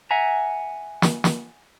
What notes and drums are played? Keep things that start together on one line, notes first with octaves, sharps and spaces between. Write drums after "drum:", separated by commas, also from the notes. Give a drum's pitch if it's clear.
E5 F#5 G#5 A#5
drum: snare
drum: snare